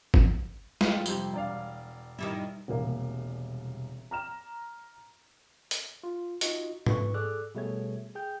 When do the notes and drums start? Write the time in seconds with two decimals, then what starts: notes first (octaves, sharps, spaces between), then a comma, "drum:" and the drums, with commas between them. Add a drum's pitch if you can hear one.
0.14 drum: kick
0.81 G3 F4, drum: snare
1.06 F2 C3 C5, drum: tambourine
1.34 E1 D5 F5
2.19 D#3 G3 E4
2.68 E1 C2 A#3 C4
4.11 A#5 F6 E7
5.71 drum: hi-hat
6.04 F4
6.41 D#4 F4 F#4 D#5, drum: hi-hat
6.86 B4 C#6, drum: tom G#2
7.14 G#4 A4 D5 D6 E6 F#6
7.55 B2 G3 A3 G#4 C#5 G#6
8.15 G#4 G5 G6